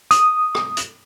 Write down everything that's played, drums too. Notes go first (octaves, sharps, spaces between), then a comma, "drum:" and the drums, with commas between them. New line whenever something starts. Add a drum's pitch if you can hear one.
D#6, drum: hi-hat
drum: rim click
drum: hi-hat